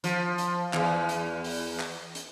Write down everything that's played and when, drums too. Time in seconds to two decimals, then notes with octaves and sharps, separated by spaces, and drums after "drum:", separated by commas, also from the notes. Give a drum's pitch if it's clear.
0.04 F3, drum: hi-hat
0.38 drum: hi-hat
0.74 E2, drum: clap
1.09 drum: hi-hat
1.44 drum: open hi-hat
1.80 drum: clap
2.15 drum: hi-hat